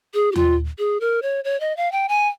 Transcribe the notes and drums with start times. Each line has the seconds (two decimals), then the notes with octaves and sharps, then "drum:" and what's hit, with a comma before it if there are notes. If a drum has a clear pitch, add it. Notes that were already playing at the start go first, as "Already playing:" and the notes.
0.14 G#4
0.32 G4
0.36 F4, drum: tom D#2
0.79 G#4
1.01 A#4
1.22 C#5
1.44 C#5
1.60 D#5
1.77 F5
1.92 G5
2.09 G#5